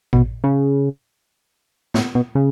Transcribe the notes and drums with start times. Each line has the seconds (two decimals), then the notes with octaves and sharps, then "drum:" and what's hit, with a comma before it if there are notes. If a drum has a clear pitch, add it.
0.13 B2, drum: kick A1
0.44 C#3
1.94 A2, drum: snare
2.15 B2
2.35 C#3